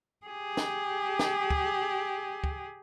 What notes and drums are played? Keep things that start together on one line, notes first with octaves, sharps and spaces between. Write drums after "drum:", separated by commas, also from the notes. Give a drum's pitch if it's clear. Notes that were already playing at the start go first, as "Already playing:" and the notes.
G4 G#4
drum: snare
drum: snare
drum: kick
drum: kick